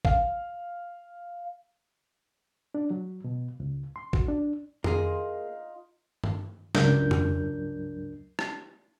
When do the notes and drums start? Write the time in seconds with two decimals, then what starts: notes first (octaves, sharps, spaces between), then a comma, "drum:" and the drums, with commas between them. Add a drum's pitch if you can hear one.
0.05 F5, drum: kick
2.75 D4
2.90 F#3
3.24 B2
3.60 C#2
3.96 C6
4.13 F#4, drum: kick
4.28 D4
4.84 A#3 D#4 F4 G#4, drum: tom F2
6.24 drum: tom G2
6.75 C#2 G2 F#3 D4 A#4 G6, drum: snare
7.11 drum: tom F2
8.39 drum: rim click